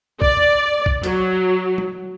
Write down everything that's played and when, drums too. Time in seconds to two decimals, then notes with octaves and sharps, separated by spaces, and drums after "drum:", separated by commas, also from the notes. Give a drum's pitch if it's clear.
0.22 D5, drum: kick A#1
0.86 drum: kick A#1
1.03 F#3, drum: hi-hat
1.78 drum: tom